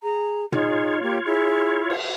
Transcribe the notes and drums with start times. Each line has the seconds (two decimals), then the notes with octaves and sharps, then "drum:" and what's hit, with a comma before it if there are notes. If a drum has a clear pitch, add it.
0.03 G#4 A#5
0.52 D#4 F4 G#4 C#5, drum: tom
1.03 A#3 G4
1.25 E4 G#4
1.90 drum: cymbal